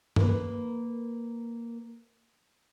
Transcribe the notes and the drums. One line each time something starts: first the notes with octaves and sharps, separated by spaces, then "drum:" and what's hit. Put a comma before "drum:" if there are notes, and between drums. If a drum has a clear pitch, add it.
A#3 A#4 B4, drum: tom G2